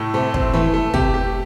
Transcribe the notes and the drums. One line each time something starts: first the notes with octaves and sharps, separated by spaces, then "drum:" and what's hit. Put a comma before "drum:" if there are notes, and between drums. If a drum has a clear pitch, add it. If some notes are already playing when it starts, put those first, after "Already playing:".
Already playing: A2 A3
C3 A3
C4, drum: kick
E3 A3
A3
C3 G4, drum: kick
G4